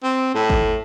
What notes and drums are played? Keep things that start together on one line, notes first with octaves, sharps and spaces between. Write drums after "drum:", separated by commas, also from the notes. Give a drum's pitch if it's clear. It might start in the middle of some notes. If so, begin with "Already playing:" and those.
C4
A2
drum: kick